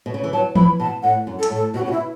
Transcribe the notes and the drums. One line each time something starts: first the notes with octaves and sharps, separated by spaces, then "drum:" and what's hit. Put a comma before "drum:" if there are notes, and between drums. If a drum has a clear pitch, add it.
B2
C#3
E3
F#3 A5
E3 B5, drum: tom E3
B2 A5
A2 F#5
F#2
A4
F#2, drum: hi-hat
A2
A4
B2 F#4
C#3
F#4
B2 E4